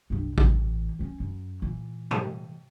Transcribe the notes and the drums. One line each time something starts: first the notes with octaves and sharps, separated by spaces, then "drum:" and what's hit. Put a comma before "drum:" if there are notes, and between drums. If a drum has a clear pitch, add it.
C2 G2
A1 E3, drum: kick A1
C4 C#4
F#2
A#2 E3
drum: tom G#2